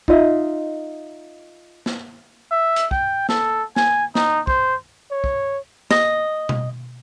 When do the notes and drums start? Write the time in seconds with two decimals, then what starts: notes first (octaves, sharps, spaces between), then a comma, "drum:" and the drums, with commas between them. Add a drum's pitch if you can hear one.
0.08 D#4 F4 D#5 E5, drum: kick
1.86 drum: snare
2.51 E5
2.76 drum: hi-hat
2.91 G5, drum: kick
3.29 A4, drum: snare
3.76 G#5, drum: snare
4.15 D#4, drum: snare
4.47 C5, drum: kick
5.11 C#5
5.24 drum: kick
5.91 D#5, drum: snare
6.49 drum: tom B2